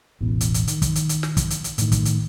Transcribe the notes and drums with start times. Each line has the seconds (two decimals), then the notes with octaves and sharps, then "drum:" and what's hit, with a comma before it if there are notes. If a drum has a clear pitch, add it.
0.21 E1 A1 E2
0.41 drum: hi-hat
0.54 drum: hi-hat
0.68 D#3, drum: hi-hat
0.82 drum: kick, hi-hat
0.95 drum: hi-hat
1.09 drum: hi-hat
1.23 drum: snare
1.37 drum: kick, hi-hat
1.50 drum: hi-hat
1.64 drum: hi-hat
1.78 A2 D#3, drum: hi-hat
1.92 drum: kick, hi-hat
2.05 drum: hi-hat